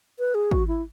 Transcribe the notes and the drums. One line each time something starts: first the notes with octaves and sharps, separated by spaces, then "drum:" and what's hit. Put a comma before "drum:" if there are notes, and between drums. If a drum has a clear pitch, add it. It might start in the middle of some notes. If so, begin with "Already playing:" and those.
B4
G#4
F#4, drum: kick
E4